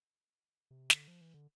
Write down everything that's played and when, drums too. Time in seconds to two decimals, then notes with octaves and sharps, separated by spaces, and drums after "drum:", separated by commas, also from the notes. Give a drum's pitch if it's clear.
0.71 C3
0.90 D3, drum: snare
1.08 F3
1.21 E3
1.34 D3